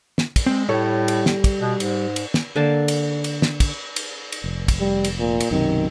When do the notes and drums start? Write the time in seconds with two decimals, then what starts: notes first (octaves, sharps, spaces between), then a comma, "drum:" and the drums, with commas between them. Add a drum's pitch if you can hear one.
0.18 drum: snare
0.36 drum: kick, cymbal
0.46 G#3 C4
0.69 A2 G3 A4 C#5
1.08 drum: cymbal
1.26 drum: snare
1.44 drum: kick, cymbal
1.60 B2
1.80 G#2, drum: cymbal
2.16 drum: cymbal
2.34 drum: snare
2.56 D3 A#3 A5
2.88 drum: cymbal
3.24 drum: cymbal
3.42 drum: snare
3.60 drum: kick, cymbal
3.96 drum: cymbal
4.32 drum: cymbal
4.44 F1
4.68 drum: kick, cymbal
4.80 G3
5.04 drum: cymbal
5.19 A#2
5.40 drum: cymbal
5.51 B1 F#2 C3 D#3